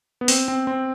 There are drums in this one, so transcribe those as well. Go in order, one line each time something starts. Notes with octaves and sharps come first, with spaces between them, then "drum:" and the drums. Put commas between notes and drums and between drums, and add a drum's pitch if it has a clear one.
B3
C4, drum: open hi-hat
C4
C4